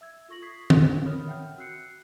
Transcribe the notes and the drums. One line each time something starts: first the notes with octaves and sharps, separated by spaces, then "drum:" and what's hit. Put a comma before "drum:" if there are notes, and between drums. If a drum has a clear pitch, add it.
E5 E6 G#6
F4 A4 C#6 A#6 F#7
D#6 G#6 B6 C7
drum: tom
A#4 C#5 B5 D#6 F6
E5 F#5 G5 F6 G6
F#4 E6 F#6 C7 C#7